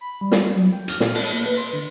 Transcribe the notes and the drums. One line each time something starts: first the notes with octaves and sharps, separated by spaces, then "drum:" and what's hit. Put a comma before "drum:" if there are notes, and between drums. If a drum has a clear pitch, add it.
B5
G3
drum: snare
G3
F#3
G5
F6, drum: hi-hat
A#2, drum: snare
A5, drum: open hi-hat
A#3
B4
C6
D3